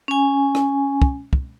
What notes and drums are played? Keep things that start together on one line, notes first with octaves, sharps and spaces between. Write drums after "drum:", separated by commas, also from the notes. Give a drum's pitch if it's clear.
C#4 G#5
drum: rim click
drum: kick
drum: kick